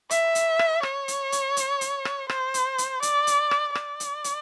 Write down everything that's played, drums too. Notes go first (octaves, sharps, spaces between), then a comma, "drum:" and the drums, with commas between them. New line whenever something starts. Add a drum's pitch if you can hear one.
E5, drum: hi-hat
drum: hi-hat
drum: rim click
C#5, drum: rim click
drum: hi-hat
drum: hi-hat
drum: hi-hat
drum: hi-hat
drum: rim click
C5, drum: rim click
drum: hi-hat
drum: hi-hat
D5, drum: hi-hat
drum: hi-hat
drum: rim click
D5, drum: rim click
drum: hi-hat
drum: hi-hat